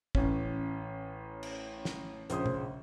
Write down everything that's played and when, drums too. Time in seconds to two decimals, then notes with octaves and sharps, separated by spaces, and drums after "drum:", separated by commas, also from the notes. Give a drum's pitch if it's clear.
0.15 A1 C#4, drum: kick
1.43 drum: cymbal
1.85 drum: snare
2.30 A#1 C#3 C5 D#6, drum: hi-hat
2.46 drum: tom